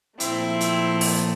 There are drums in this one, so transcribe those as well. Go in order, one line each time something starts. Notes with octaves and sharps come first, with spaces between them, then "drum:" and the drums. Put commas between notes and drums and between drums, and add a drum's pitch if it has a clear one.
A#2 F3 A3 C4 E4, drum: hi-hat
drum: hi-hat
drum: open hi-hat